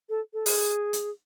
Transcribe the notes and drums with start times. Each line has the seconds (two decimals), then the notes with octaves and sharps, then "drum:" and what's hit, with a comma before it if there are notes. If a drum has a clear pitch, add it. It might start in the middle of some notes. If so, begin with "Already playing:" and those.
0.09 A4
0.34 A4
0.46 G#4, drum: open hi-hat
0.93 drum: hi-hat